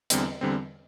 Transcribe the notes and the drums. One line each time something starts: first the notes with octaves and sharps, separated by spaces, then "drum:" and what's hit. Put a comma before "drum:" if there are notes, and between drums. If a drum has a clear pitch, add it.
E2 D3 G3 C4, drum: hi-hat
E2 D3 G3 C4